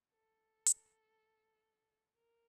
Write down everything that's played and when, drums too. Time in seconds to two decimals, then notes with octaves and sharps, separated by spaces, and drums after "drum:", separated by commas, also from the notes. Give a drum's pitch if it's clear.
0.12 A4
0.66 drum: hi-hat
2.17 A#4